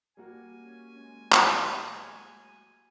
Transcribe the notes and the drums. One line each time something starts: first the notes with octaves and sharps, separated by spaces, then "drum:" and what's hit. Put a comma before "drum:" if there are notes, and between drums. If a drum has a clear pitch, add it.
G3 A#3 F#4 G#5
C#4
G#3
A2 F#3 C5, drum: clap